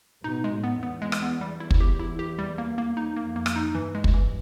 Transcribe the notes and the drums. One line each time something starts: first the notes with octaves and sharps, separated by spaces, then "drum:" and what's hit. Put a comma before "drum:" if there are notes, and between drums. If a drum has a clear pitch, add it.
B2 D#4
G#3
A2
B3
E2 B3
G#3
drum: rim click
B3
G3
E4
drum: kick
G4
E4
G4
G3
A#3
A#3
D#4
F2 A#3
A#3
drum: rim click
D#4
G2 E3
G#3
drum: kick
E3